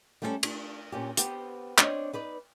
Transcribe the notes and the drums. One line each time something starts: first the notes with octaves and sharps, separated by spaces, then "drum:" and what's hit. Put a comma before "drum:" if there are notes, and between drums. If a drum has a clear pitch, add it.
G3 A3 C4 C#4 E4 A4
D4, drum: cymbal
A#2 C#4 G4
B3 C4 G4, drum: hi-hat
C4 D4 C#5 D#5, drum: clap
D#4 B4 D5